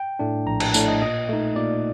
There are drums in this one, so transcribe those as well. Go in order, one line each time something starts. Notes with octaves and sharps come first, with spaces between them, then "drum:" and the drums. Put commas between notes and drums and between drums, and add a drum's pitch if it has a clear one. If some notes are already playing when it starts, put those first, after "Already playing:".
Already playing: G5
A2 A3 D4
A#1 A#5
A5, drum: cymbal
A2 A3 D4 A5, drum: tambourine
D#5
A#2 D#5
A3 D#4
A#2 D5